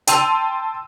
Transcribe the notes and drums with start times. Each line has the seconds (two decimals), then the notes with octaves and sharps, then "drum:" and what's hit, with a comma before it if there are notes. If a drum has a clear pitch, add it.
0.07 G5 A5 C6 E6 D#7 F7, drum: hi-hat